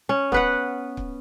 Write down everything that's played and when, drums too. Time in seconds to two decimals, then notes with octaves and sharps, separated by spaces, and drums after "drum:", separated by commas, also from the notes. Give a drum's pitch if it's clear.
0.09 C#4
0.32 B3 B4 F#5, drum: kick C#1
0.97 drum: kick C#1